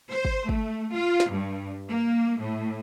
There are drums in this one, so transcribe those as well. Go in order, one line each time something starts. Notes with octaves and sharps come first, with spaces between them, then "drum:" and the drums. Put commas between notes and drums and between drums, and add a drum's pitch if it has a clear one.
C5
drum: kick
A3, drum: kick
F4
drum: snare
G2
A#3
A2